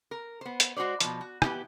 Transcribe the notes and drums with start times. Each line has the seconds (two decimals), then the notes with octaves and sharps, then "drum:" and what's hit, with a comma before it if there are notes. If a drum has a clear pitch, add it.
0.11 A#4
0.41 B3 C5
0.60 drum: hi-hat
0.77 G#3 F#4 G#4 C5 D5
1.00 B2 F3, drum: hi-hat
1.21 F#4
1.42 B3 D4 E4 F#4 G4 B4, drum: rim click